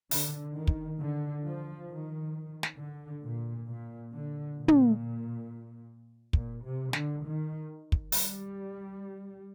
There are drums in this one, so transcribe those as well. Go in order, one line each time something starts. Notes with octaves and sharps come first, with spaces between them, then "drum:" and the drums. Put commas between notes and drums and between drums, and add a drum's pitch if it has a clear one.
D3, drum: open hi-hat
D#3
drum: kick
D3
F3
D#3
drum: snare
D3
A#2
A#2
D3
A#2
drum: tom
A#2, drum: kick
C3
D3, drum: snare
D#3
drum: kick
G3, drum: open hi-hat